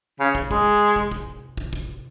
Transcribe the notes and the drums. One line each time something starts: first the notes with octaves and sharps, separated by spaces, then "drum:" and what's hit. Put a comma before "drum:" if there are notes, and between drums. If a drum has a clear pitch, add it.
C#3
drum: kick
G#3, drum: kick
drum: kick
drum: kick
drum: kick
drum: kick